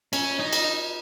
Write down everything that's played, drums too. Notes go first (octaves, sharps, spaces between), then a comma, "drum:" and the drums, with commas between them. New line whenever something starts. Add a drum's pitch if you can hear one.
C#4, drum: cymbal
D#4
drum: cymbal